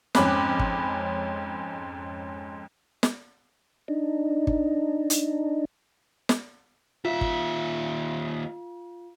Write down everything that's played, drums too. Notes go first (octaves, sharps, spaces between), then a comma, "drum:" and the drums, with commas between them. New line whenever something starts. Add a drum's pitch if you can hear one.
F2 G#2 C#4 B5 D6 F#6, drum: snare
drum: kick
drum: snare
D4 D#4
drum: kick
drum: hi-hat
drum: snare
D#2 F4 E5
drum: kick